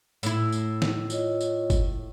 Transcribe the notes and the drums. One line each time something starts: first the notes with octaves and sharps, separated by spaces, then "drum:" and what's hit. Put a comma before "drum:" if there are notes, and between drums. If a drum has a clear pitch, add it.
A2 E4, drum: tambourine
drum: tambourine
drum: snare
F4 C#5 D#5, drum: tambourine
drum: tambourine
drum: kick F#1, tambourine